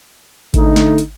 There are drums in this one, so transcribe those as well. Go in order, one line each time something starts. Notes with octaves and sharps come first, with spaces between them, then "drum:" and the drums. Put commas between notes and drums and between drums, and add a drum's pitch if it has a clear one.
D3 A3 D#4, drum: kick G#1, hi-hat
drum: snare
drum: hi-hat